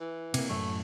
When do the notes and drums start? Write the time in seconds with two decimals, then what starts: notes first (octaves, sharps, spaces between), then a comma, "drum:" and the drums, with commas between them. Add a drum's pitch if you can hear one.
0.01 E3
0.34 C3 A#3, drum: cymbal
0.50 F#2 A2 A3 E5